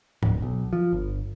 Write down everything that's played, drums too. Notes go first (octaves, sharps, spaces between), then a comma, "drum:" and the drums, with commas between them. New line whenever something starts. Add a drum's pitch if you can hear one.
D1, drum: tom
B1
F3
G1